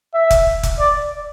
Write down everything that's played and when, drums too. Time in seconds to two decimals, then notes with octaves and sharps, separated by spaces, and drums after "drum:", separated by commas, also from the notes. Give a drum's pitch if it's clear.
0.14 E5
0.30 drum: kick F1, hi-hat
0.63 drum: kick F1, hi-hat
0.79 D5